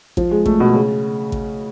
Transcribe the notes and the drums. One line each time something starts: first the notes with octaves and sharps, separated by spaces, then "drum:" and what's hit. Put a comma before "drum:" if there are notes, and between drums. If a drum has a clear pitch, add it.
F3, drum: kick A1
G#3
A3, drum: kick A1
B2
C#3
drum: kick A1